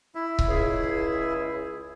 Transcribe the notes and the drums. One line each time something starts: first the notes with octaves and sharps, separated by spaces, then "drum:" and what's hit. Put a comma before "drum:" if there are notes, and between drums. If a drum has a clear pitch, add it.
E4 E5
drum: kick C#1
C#2 G#4